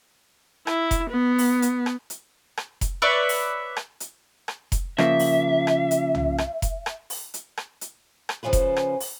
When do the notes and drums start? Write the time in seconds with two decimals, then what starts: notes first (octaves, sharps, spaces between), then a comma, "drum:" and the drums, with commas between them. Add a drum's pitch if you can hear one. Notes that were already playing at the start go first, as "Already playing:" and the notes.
0.67 E4, drum: rim click
0.91 drum: kick F1, hi-hat
1.10 B3
1.38 drum: open hi-hat
1.62 drum: hi-hat
1.86 drum: rim click
2.10 drum: hi-hat
2.57 drum: rim click
2.81 drum: kick F1, hi-hat
3.02 B4 C#5 D5 E5
3.29 drum: open hi-hat
3.77 drum: rim click
4.00 drum: hi-hat
4.48 drum: rim click
4.72 drum: kick F1, hi-hat
4.98 C#3 F3 A#3 E5, drum: rim click
5.19 drum: open hi-hat
5.67 drum: rim click
5.91 drum: hi-hat
6.15 drum: tom
6.38 drum: rim click
6.62 drum: kick F1, hi-hat
6.86 drum: rim click
7.10 drum: open hi-hat
7.34 drum: hi-hat
7.57 drum: rim click
7.81 drum: hi-hat
8.29 drum: rim click
8.43 C#3 F3 C#4 F4 B4
8.53 drum: kick F1, hi-hat
8.77 drum: rim click
9.00 drum: open hi-hat